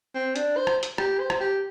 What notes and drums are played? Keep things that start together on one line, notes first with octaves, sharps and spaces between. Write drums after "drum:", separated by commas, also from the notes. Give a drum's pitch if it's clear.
C4
D4, drum: hi-hat
C5
drum: rim click
drum: hi-hat
G4, drum: rim click
C5
drum: rim click
G4